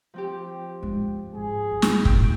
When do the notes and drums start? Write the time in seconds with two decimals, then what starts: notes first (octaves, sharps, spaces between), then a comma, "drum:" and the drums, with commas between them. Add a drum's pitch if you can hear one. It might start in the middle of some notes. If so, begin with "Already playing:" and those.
0.14 F3 C4 G4
0.82 G#3 D4
1.35 G#2 G#4
1.71 G2
1.82 drum: snare
2.05 B2 G5 E6, drum: kick